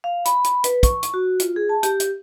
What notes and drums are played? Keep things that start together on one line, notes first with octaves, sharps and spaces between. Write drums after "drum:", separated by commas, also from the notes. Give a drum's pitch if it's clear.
F5
B5, drum: hi-hat
drum: hi-hat
B4, drum: hi-hat
C#6, drum: kick, hi-hat
drum: hi-hat
F#4
F4, drum: hi-hat
G#4
A5
G4, drum: hi-hat
drum: hi-hat